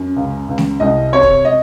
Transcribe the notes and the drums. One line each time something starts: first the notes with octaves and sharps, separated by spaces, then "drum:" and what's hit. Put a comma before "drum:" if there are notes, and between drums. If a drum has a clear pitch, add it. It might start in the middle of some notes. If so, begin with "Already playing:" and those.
Already playing: F#2
C#2
C#2
drum: snare A3
C2 D#5
C3 C#5
drum: kick
D#5